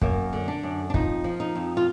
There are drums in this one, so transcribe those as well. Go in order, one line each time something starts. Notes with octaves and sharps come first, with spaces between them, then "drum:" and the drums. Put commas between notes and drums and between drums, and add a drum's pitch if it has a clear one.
F#2 A#3, drum: kick
D3
D4
F#2
D4
F2 D#4, drum: kick
F3
D#4
F2
F4